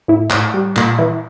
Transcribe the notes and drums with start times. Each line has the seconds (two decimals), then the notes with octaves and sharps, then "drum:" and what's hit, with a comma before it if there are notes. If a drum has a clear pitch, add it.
0.08 A2 E4
0.31 A2, drum: clap
0.54 G3
0.77 A#2, drum: clap
0.99 E3 E4